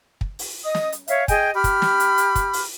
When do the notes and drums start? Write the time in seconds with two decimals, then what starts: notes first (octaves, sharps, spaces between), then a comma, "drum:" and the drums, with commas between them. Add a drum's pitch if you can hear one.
0.21 drum: kick
0.39 drum: open hi-hat
0.63 D#5 D#6
0.75 drum: snare
0.92 drum: hi-hat
1.08 C#5 E5 F5, drum: hi-hat
1.28 G#4 D#5 G5 G#5, drum: kick, hi-hat
1.54 G4 B5 F6
1.64 drum: kick, hi-hat
1.82 drum: snare
2.00 drum: hi-hat
2.18 drum: hi-hat
2.35 drum: kick, hi-hat
2.53 drum: open hi-hat